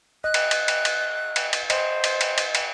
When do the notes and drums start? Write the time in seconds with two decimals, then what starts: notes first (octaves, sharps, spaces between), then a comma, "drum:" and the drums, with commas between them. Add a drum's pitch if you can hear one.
0.24 D#5 F#6
0.34 drum: cymbal
0.51 drum: cymbal
0.68 drum: cymbal
0.85 drum: cymbal
1.36 drum: cymbal
1.53 drum: cymbal
1.70 C5 D#5, drum: cymbal
2.04 drum: cymbal
2.21 drum: cymbal
2.38 drum: cymbal
2.55 drum: cymbal